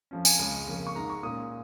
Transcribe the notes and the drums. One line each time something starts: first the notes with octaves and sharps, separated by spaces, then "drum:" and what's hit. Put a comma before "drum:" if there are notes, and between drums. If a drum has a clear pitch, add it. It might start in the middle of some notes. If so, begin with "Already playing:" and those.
F2 F3 C#4
G#5, drum: tambourine
C#2 C#3 G#3 C#4
F2 C#3 A#3 C#4
C#6
G#2 D#3 G#3 A#5
C#6
A#2 G#3 C#4 D#6